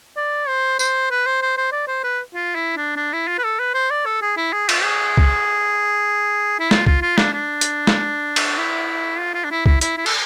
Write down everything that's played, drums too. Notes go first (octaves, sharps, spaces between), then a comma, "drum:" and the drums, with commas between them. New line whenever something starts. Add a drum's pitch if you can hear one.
D5
C5
C5, drum: tambourine
B4
C5
C5
C5
D5
C5
B4
F4
E4
D4
D4
E4
F4
B4
A4
B4
C5
D5
A4
G#4
E4
G#4
F4, drum: cymbal
G#4
drum: kick
E4
F4, drum: snare
F4, drum: kick
F4
D4, drum: snare
D4
drum: hi-hat
drum: snare
drum: cymbal
E4
F4
F4
D4
E4
E4, drum: kick
E4, drum: hi-hat
E4
A4, drum: cymbal